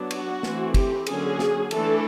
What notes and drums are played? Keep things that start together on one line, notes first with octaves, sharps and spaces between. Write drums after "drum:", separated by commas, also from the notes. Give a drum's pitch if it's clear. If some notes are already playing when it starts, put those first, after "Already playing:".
Already playing: F#3 B3 D4
F#4, drum: cymbal
E3 A3 C4, drum: snare
G4, drum: kick, cymbal
D3 F#3 A#3 C#4 G#4, drum: cymbal
drum: snare
E3 A3 D4 A4, drum: cymbal